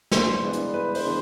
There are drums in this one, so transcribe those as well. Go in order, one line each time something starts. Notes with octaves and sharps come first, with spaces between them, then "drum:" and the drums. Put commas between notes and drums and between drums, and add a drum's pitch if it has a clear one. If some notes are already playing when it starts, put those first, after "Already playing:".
G2 C5, drum: snare
E3 G#3 B3 D4
drum: hi-hat
G2 B4
C5, drum: open hi-hat
E3 G#3 B3 D4